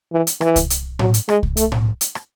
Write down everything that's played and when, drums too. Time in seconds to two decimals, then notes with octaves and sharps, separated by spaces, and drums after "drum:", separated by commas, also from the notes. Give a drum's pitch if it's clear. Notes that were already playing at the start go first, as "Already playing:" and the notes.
0.13 E3
0.27 drum: hi-hat
0.41 E3, drum: rim click
0.56 drum: kick C2, hi-hat
0.70 drum: hi-hat
0.99 F#3, drum: tom A2
1.14 drum: hi-hat
1.29 G#3, drum: rim click
1.43 drum: kick C2
1.57 A3, drum: hi-hat
1.72 drum: tom A2
2.01 drum: hi-hat
2.15 drum: rim click